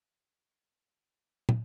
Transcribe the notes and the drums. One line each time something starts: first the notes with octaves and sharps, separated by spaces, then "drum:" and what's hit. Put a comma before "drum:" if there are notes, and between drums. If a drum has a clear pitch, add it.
B4
C#5
D5
D5
drum: tom